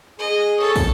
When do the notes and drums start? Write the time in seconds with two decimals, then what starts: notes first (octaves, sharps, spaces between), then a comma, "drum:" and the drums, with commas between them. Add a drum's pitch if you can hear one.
0.19 G#4 D#5
0.60 A4 C#5
0.76 drum: kick, open hi-hat